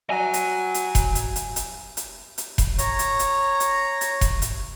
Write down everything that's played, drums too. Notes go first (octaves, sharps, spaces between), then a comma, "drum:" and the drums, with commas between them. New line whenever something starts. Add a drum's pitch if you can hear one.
F#3 G#5
drum: hi-hat
drum: hi-hat
drum: kick F1, hi-hat
drum: hi-hat
drum: hi-hat
drum: hi-hat
drum: hi-hat
drum: hi-hat
drum: kick F1, hi-hat
C#5 A#5, drum: hi-hat
drum: hi-hat
drum: hi-hat
drum: hi-hat
drum: hi-hat
drum: kick F1, hi-hat
drum: hi-hat